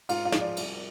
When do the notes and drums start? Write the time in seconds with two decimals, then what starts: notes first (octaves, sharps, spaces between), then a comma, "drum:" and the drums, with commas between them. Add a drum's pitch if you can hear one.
0.09 G#2 F4, drum: cymbal
0.25 F4
0.32 F3 G#3, drum: snare
0.41 D5
0.57 C2, drum: cymbal